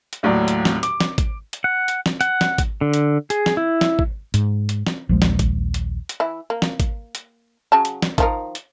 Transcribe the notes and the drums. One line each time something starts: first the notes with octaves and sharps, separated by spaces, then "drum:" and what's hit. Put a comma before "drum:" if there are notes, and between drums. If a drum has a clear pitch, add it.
drum: hi-hat
D#2 A2 F#3 D5
drum: hi-hat
drum: snare
D6, drum: hi-hat
drum: snare
drum: kick G#1, hi-hat
drum: hi-hat
F#5
drum: hi-hat
drum: snare
F#5, drum: hi-hat
drum: snare
drum: kick G#1, hi-hat
D3
drum: hi-hat
G#4, drum: hi-hat
drum: snare
E4
drum: snare
drum: kick G#1
G#2, drum: hi-hat
drum: hi-hat
drum: snare
A#1 D#2 F3 G#3
drum: snare
drum: kick G#1, hi-hat
drum: hi-hat
drum: hi-hat
E3 E4
A#3
drum: snare
drum: kick G#1, hi-hat
drum: hi-hat
C#3 F#3 A5
drum: hi-hat
drum: snare
D#3 F3 A#4, drum: kick G#1, hi-hat
drum: hi-hat